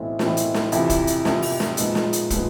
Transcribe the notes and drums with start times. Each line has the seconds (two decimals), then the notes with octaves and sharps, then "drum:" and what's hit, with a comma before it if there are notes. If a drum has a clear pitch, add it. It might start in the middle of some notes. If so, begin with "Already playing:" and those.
Already playing: B1 A2 E3 A3 C4
0.19 B1 A2 E3 A3 C4, drum: snare
0.37 drum: hi-hat
0.54 drum: snare
0.72 F2 C3 E3, drum: hi-hat
0.90 drum: kick, hi-hat
1.07 drum: hi-hat
1.25 F2 C3 E3, drum: snare
1.42 drum: open hi-hat
1.60 drum: snare
1.77 A#2 F3 G#3 B3 D#4, drum: hi-hat
1.95 drum: snare
2.13 drum: hi-hat
2.30 A#2 F3 G#3 B3 D#4, drum: kick, hi-hat